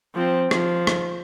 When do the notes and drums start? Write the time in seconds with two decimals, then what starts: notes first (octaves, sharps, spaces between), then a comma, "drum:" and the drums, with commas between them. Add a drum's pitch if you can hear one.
0.15 F3 C4
0.51 F3, drum: rim click
0.87 drum: rim click